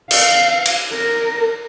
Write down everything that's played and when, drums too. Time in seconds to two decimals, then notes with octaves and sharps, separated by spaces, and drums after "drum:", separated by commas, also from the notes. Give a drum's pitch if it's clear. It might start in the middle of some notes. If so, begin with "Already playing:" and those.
0.11 F5, drum: cymbal
0.66 drum: cymbal
0.93 A#4